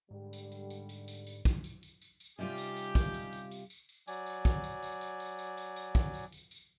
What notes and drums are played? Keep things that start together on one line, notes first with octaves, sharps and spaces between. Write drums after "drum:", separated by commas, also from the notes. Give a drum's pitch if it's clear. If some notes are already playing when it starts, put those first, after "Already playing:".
G#2 D3 G3
drum: tambourine
drum: tambourine
drum: tambourine
drum: tambourine
drum: tambourine
drum: tambourine
drum: kick, tambourine
drum: tambourine
drum: tambourine
drum: tambourine
drum: tambourine
C3 G3 C#4 D#4 F4 G4
drum: tambourine
drum: tambourine
drum: kick, tambourine
drum: tambourine
drum: tambourine
drum: tambourine
drum: tambourine
drum: tambourine
F#3 D5 G#5, drum: tambourine
drum: tambourine
drum: kick, tambourine
drum: tambourine
drum: tambourine
drum: tambourine
drum: tambourine
drum: tambourine
drum: tambourine
drum: tambourine
drum: kick, tambourine
drum: tambourine
drum: tambourine
drum: tambourine